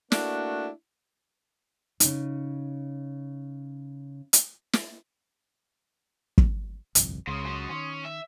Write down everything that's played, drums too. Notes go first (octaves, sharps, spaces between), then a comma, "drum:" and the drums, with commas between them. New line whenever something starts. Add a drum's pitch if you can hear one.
A3 A#3 D4 E4 F#4, drum: snare
C#3 D#4, drum: hi-hat
drum: hi-hat
drum: snare
drum: kick
G1 C2 F2, drum: hi-hat
C#2 C#3 C6 D#6
F#3 C#4
D#3 C#4
E5